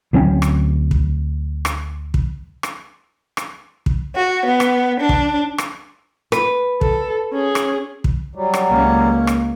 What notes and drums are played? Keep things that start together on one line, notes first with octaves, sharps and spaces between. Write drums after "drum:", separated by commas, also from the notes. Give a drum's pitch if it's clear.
D2 F#3 C4 C#4
drum: rim click
drum: kick
drum: rim click
drum: kick
drum: rim click
drum: rim click
drum: kick
F#4
B3
drum: rim click
D4
drum: kick
drum: rim click
B4, drum: rim click
A4, drum: kick
C#4 G#4
drum: rim click
drum: kick
F#3 G3
drum: rim click
C#2 A#3 C#4
drum: rim click